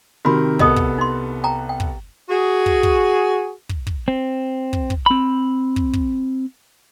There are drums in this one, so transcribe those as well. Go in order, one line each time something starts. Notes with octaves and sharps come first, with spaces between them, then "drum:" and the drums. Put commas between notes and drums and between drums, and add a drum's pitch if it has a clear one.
C3 D#3 F#4 A#4 B5
C2 B3 A4 A#4 D#5 D#6, drum: kick
drum: kick
D#4 C6
G5 A5 A#5
G5
drum: kick
F#4 G#4
drum: kick
drum: kick
drum: kick
drum: kick
C4
drum: kick
drum: kick
C4 B5
drum: kick
drum: kick